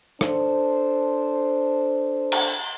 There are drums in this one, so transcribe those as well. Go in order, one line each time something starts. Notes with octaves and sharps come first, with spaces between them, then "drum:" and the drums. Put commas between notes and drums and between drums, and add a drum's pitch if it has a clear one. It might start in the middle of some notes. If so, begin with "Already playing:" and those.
D4 A4 C5, drum: rim click
drum: cymbal